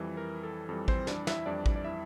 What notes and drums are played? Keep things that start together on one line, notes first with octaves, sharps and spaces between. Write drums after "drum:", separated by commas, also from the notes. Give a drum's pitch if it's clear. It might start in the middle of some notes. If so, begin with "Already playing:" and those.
Already playing: F2 E3 G3
A#4
A4
F2 E3 G3 A4
C4 C5, drum: kick A1
D4 D5, drum: snare
E4 E5, drum: snare
F2 E3 G3 D4 D5
drum: kick A1
D5
E4 E5